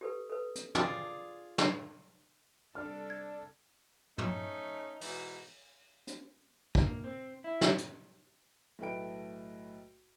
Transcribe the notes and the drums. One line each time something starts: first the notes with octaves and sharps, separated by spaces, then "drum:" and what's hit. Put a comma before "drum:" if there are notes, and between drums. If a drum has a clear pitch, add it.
G4 A4 B4
A4 B4
drum: hi-hat
F4 G#4 D5, drum: tom
drum: snare
C3 G3 D4 A4 F6
G#6
A3 C#4 D#4, drum: tom
G#2 B2 E3, drum: open hi-hat
drum: hi-hat
A#3, drum: kick
C4
E4
drum: snare
drum: hi-hat
B1 A2 A3 B4 G5 D7